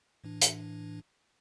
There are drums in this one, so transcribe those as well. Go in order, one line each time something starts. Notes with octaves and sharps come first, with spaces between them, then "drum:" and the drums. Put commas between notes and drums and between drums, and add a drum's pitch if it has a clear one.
A2 E3 D4
drum: hi-hat